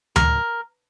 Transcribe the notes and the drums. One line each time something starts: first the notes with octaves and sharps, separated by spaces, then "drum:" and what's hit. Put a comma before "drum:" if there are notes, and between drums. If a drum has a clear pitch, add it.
A#4, drum: tom D2